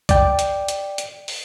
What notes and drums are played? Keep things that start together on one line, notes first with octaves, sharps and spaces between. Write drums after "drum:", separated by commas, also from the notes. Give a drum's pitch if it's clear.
D5 G5, drum: kick B1, hi-hat
drum: hi-hat
drum: hi-hat
drum: hi-hat
drum: open hi-hat